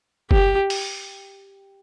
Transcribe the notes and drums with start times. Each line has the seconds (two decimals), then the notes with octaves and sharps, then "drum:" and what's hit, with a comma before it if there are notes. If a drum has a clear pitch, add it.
0.31 G4, drum: kick F#1
0.70 drum: open hi-hat